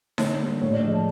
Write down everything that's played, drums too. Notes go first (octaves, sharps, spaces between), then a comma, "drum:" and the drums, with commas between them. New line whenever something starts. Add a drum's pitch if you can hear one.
D3 C#5, drum: snare D#4
G3 A#3
A2 C#5
D5
F3 G#3 D#5
A5